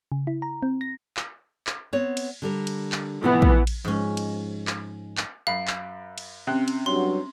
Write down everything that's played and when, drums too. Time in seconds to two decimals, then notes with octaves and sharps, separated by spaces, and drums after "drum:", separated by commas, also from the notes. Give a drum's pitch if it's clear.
0.12 C#3
0.27 E4
0.42 A#5
0.63 C4
0.81 A#6
1.17 drum: clap
1.67 drum: clap
1.93 B3 C4 C#5
2.17 drum: cymbal
2.42 D3 G3 A#4
2.67 drum: cymbal
2.92 drum: clap
3.23 A2 C3 E3 F3 B3
3.42 drum: kick
3.67 drum: cymbal
3.85 G#2 F3 G#3 C#4
4.17 drum: cymbal
4.67 drum: clap
5.17 drum: clap
5.47 F#2 F5 B5
5.67 drum: clap
6.18 drum: cymbal
6.47 C3 C4 C#4 G5 F#6
6.68 drum: cymbal
6.86 G2 F#3 C6